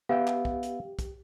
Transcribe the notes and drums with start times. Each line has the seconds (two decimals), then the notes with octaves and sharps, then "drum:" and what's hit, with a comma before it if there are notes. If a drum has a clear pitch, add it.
0.09 B3 G4 E5 F5 G5
0.27 drum: clap
0.45 drum: kick
0.63 drum: hi-hat
0.99 drum: kick, hi-hat